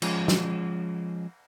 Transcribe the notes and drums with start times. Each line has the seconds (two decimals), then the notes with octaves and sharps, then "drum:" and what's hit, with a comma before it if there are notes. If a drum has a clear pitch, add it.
0.02 F3 G#3 C#4, drum: cymbal
0.28 drum: snare